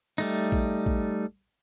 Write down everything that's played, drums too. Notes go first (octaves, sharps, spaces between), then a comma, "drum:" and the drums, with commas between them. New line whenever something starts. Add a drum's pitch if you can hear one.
G3 A3 D#4
drum: kick
drum: kick